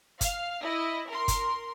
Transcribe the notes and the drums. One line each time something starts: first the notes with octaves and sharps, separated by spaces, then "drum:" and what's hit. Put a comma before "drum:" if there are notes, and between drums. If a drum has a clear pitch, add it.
F5, drum: kick G1, hi-hat
E4 D#5
A#4 C6
drum: kick G1, hi-hat